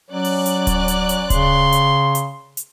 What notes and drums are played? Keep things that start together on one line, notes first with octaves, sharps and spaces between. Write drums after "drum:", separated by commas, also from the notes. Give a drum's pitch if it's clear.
F#3 C#4 D5 F#6
drum: open hi-hat
drum: hi-hat
drum: kick D1, hi-hat
drum: hi-hat
drum: hi-hat
C#3 C6, drum: kick D1, hi-hat
drum: hi-hat
drum: hi-hat
drum: hi-hat